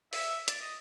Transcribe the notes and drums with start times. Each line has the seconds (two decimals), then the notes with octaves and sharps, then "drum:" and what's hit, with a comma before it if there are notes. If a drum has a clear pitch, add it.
0.13 E5, drum: open hi-hat
0.48 D5, drum: hi-hat
0.61 D#5